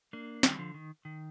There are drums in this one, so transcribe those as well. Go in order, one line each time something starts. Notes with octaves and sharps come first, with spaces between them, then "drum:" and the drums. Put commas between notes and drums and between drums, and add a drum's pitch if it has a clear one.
A#3 D4
D#3 G3, drum: snare
D3 F3
D#3
D#3